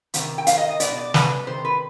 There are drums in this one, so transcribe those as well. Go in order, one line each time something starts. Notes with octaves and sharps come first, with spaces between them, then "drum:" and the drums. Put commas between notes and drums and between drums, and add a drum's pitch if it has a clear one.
C3 D#3, drum: hi-hat
G5
F5, drum: hi-hat
D#5
D#5
B2 D5, drum: hi-hat
D5
B4, drum: snare
C3 D#3 C5
B4